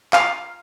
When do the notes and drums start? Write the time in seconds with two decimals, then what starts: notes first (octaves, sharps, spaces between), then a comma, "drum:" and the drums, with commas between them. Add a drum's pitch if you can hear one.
0.13 F5, drum: clap